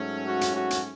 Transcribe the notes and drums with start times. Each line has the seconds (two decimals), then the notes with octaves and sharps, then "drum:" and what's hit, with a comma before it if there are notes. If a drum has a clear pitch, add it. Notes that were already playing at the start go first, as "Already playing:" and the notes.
Already playing: G#2 F#3 A3 C#4
0.27 F#4
0.41 drum: hi-hat
0.56 F#4
0.71 drum: hi-hat